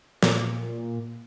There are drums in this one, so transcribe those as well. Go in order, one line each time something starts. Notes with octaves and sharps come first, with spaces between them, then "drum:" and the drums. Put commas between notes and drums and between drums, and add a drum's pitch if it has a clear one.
A#2, drum: snare